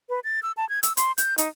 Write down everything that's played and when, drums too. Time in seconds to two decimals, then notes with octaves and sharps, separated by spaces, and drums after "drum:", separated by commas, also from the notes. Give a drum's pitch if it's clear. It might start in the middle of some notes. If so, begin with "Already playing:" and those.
0.09 B4
0.24 A6
0.43 E6
0.57 A5
0.69 G#6
0.83 E6, drum: hi-hat
0.97 C6, drum: hi-hat
1.18 G6, drum: hi-hat
1.38 D#4, drum: hi-hat